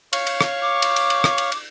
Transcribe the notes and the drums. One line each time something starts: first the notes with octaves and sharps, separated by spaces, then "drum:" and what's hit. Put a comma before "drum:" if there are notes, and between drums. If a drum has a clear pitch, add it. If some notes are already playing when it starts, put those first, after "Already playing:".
C#5 F5 C#6, drum: cymbal
drum: cymbal
drum: rim click
D6
drum: cymbal
drum: cymbal
drum: cymbal
drum: rim click
drum: cymbal
drum: cymbal